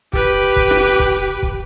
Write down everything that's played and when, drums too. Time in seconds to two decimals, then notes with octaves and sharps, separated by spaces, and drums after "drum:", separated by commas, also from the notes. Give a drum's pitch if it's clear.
0.13 G4 B4, drum: kick
0.56 drum: kick
0.71 drum: rim click
1.00 drum: kick
1.43 drum: kick